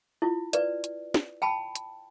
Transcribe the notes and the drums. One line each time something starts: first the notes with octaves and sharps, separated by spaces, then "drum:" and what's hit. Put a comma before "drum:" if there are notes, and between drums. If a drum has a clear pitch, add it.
E4 F4
B4 D5, drum: hi-hat
drum: hi-hat
drum: snare
G5 A5 B5
drum: hi-hat